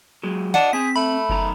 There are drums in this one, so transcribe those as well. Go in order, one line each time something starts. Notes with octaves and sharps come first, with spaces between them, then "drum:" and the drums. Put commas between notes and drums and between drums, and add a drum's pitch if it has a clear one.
F#3 G#3
D4 D#5 F#5 A5, drum: snare
C4 G#4 B6
A3 B5
B1 D#3 A#5, drum: kick F#1